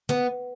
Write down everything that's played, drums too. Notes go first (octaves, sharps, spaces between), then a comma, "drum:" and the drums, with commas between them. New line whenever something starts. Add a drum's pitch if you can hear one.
B3, drum: tom